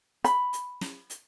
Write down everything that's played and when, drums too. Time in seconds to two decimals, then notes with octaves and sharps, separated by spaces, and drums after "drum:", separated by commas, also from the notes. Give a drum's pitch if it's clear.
0.24 B5, drum: hi-hat
0.53 drum: hi-hat
0.81 drum: snare
1.10 drum: hi-hat